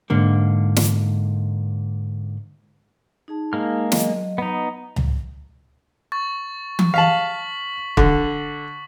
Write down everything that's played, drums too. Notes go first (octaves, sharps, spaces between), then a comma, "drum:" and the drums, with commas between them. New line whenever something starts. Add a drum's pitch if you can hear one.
G#2 D3 A#3
drum: snare
D#4 G#4 A5
G#3 A#3 F6
F#3 D#5, drum: snare
B3 D#4
drum: tom C#2
C#6 A6
drum: tom E3
F5 A5 C#6 B6 F#7
D3, drum: kick